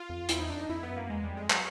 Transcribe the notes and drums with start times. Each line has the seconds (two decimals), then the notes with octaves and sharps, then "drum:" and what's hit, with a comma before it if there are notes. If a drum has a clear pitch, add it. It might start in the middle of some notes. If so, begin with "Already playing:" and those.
Already playing: F4
0.10 F2
0.29 E2 E4, drum: hi-hat
0.39 D#4
0.50 F2 D4
0.59 D#4
0.69 F2 E4
0.83 B3
0.90 F#2
0.96 A#3
1.10 E2 G#3
1.23 G3
1.31 F2
1.37 G#3
1.50 F#3, drum: clap